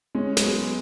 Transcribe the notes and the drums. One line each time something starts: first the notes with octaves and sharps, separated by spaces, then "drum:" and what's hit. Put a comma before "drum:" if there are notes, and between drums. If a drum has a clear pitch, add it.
G#3 C#4
G#3, drum: snare
F#3 B3